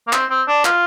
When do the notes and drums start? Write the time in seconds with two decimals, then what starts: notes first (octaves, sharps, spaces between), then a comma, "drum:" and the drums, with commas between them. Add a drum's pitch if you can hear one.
0.07 A#3
0.13 C4, drum: clap
0.30 C4
0.48 D4
0.65 F4, drum: clap